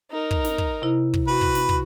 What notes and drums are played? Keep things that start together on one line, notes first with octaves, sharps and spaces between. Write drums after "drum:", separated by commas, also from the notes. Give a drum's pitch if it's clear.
D#4 A#4
drum: kick
drum: snare
drum: kick
C3 E4
drum: kick
F#4 B4
drum: kick
drum: snare
drum: kick